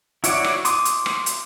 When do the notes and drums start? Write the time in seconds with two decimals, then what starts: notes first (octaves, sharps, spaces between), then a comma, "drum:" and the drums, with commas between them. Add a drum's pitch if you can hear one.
0.24 E4 F#4 C#5 D5, drum: hi-hat
0.44 drum: rim click
0.65 C6 D6 D#6, drum: hi-hat
0.85 drum: hi-hat
1.06 drum: rim click
1.26 drum: hi-hat